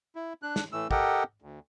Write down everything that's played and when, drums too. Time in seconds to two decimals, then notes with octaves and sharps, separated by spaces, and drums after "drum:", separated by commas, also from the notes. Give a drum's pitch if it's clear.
0.15 E4
0.42 D4 F#6
0.56 drum: snare
0.72 A2 E3 A3 E6
0.91 G4 A4 A#4 D#5 F#5 G5, drum: kick
1.42 D2